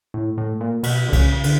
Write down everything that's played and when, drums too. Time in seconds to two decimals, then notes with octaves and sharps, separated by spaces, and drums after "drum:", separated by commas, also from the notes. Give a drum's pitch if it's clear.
0.14 A2
0.38 A2
0.61 A#2
0.83 B2, drum: cymbal
1.09 D3
1.13 C#3, drum: kick C2, cymbal
1.32 C#3
1.44 D3, drum: cymbal